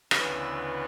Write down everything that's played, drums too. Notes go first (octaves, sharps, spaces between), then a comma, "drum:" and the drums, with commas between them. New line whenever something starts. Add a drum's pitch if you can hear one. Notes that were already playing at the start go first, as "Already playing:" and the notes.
D2 C#3 E3 B3 E6, drum: rim click